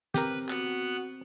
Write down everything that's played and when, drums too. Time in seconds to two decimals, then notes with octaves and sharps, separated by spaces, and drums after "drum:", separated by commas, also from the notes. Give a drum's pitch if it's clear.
0.14 C4 G4 A#4 B4, drum: snare
0.49 B3 F#4 F#6, drum: clap